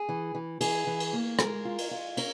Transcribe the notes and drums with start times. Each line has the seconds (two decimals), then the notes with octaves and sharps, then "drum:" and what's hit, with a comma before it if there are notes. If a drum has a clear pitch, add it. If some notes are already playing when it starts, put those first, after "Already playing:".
Already playing: G#4
0.09 E3
0.35 E3
0.61 E3 G#4, drum: cymbal
0.87 E3
1.00 drum: cymbal
1.13 A#3
1.39 G#3 A#4, drum: rim click
1.65 F4
1.78 drum: cymbal
1.91 F4
2.17 C#4 A#4, drum: cymbal